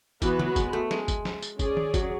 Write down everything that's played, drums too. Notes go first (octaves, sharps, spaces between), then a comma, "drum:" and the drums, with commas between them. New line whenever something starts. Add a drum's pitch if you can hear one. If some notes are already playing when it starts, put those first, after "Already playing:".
E3 B3 F#4 B4, drum: kick, tambourine
F#3, drum: tom
G#3, drum: kick, tambourine
A3
G#3, drum: snare
drum: kick, tambourine
drum: snare
drum: tambourine
C#4 G#4 D5, drum: kick, tambourine
drum: tom D#3
F#3, drum: kick, tambourine